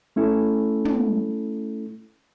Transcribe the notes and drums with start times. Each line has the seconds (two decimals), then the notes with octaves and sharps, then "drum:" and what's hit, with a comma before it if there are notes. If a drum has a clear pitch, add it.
0.16 A3 C#4 E4 A4
0.85 drum: tom